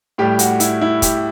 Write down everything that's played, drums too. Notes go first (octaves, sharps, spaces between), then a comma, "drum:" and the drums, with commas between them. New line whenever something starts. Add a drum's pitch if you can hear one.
A2 G3 G4
F#4, drum: hi-hat
E4, drum: hi-hat
E4
G4, drum: kick, hi-hat